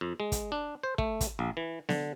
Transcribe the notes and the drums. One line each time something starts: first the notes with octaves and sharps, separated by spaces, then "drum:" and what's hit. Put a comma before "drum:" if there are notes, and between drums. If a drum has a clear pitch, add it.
F2
G#3
drum: kick, hi-hat
D4
C5
A3, drum: kick
drum: kick, hi-hat
A#1
E3
D3, drum: snare B3